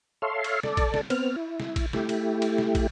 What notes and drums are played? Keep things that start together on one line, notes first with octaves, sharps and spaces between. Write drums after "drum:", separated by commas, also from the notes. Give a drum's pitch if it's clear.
A4 C#5 E5 F5 C6
drum: cymbal
A4 D5, drum: snare
drum: kick, cymbal
drum: snare
B3 C4 F6, drum: cymbal
E4
drum: snare
drum: kick, cymbal
A3 E4 G4, drum: snare
drum: cymbal
drum: cymbal
drum: snare
drum: kick, cymbal